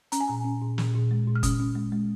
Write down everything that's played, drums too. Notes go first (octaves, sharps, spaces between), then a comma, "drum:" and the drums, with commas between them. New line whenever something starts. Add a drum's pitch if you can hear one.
C#4 A#5, drum: hi-hat
G#5
A#2 A#5
C#4
A#2
A#2, drum: snare
A#2
G#3
A#2
F6
C#4 D#6, drum: kick G1, hi-hat
C#4
G#3
G#3